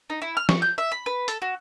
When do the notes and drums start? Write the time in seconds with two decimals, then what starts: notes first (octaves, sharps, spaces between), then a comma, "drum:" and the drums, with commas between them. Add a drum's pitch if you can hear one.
0.10 D#4
0.22 E4
0.37 F6
0.49 C#6, drum: snare
0.62 G6
0.78 E5
0.92 B5
1.06 B4
1.28 A4, drum: hi-hat
1.42 F#4